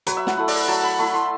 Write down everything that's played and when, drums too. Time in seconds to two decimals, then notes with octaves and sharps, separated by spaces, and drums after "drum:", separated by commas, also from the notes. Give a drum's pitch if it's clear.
0.07 F#3 B4, drum: hi-hat
0.17 E5
0.27 F#5, drum: snare
0.37 A3 E4
0.48 D5, drum: open hi-hat
0.68 F#3 A5
0.83 B5
0.99 A3 E4 B5
1.14 C6